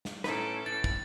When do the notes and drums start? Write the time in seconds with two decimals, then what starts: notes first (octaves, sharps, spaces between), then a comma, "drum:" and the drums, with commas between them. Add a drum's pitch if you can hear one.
0.05 drum: snare
0.24 A2 C#4 D#4 A4 B4 A#5 D6, drum: snare
0.66 A2 A6
0.84 drum: kick